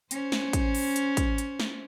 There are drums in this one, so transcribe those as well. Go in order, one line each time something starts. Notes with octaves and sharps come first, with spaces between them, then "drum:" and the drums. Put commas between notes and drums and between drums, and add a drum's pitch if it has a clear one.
C#4 C5, drum: hi-hat
drum: snare
drum: kick, hi-hat
drum: open hi-hat
drum: hi-hat
drum: kick, hi-hat
drum: hi-hat
drum: snare